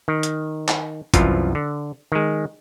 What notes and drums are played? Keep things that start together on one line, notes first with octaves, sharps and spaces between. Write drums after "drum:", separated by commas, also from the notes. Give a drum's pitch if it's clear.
D#3
drum: hi-hat
drum: clap
C2 F#2 E3 F3 F4, drum: kick, hi-hat
D3
D#3 G#3